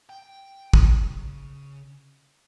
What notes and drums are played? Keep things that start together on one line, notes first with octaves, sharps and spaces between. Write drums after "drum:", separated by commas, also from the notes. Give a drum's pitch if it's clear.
G5
C#3, drum: kick